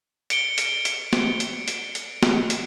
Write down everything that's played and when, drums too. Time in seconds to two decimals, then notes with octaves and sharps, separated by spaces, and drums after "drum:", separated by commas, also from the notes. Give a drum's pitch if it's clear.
0.30 C#7 D7 G7, drum: hi-hat
0.58 drum: hi-hat
0.85 drum: hi-hat
1.13 drum: snare
1.40 drum: hi-hat
1.68 drum: hi-hat
1.95 drum: hi-hat
2.23 drum: snare
2.50 drum: hi-hat